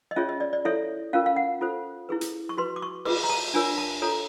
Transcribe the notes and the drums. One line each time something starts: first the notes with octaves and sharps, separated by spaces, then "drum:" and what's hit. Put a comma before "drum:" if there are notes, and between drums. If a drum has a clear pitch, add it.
D#5
C#4 F4 G#4 C#5 E5
D#5
D5
D5
E4 A4 C#5 E5
C#4 F4 A#4 F5
F5
F#5
F4 A4 C5
E4 G#4 B4
drum: hi-hat
C#6
F#4 B4 C6
D6
C#6
F4 G#4 B4 D6, drum: cymbal
A#5
A5
D4 F4 A#4 C#5 G#5
A5
F4 A4 C#5 A#5